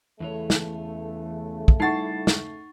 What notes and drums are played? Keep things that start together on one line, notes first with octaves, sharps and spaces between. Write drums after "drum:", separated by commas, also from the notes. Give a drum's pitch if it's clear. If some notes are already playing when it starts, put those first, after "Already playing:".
E2 C#3 E3 A3 C#5
drum: snare
drum: kick
G3 D#4 E4 F#5 C#6 A6 C7
drum: snare